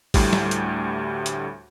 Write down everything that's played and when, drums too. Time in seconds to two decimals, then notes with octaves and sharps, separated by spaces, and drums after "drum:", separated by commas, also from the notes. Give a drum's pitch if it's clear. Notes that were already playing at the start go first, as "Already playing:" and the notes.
0.14 D2 A2 G3, drum: kick, open hi-hat
0.33 drum: snare
0.51 drum: hi-hat
1.26 drum: hi-hat